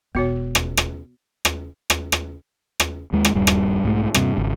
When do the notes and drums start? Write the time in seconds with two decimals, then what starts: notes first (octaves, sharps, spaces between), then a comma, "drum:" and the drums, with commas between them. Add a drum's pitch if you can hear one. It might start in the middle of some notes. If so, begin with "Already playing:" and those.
0.15 E1 B3 F#4 C#5
0.55 drum: rim click
0.77 drum: rim click
1.45 drum: rim click
1.90 drum: rim click
2.12 drum: rim click
2.80 drum: rim click
3.13 D#2 G#3
3.25 drum: rim click
3.35 D#1 G2 G3
3.47 drum: rim click
3.84 B1 G#2 A3
4.14 G2 C3, drum: rim click
4.37 G#1 C#3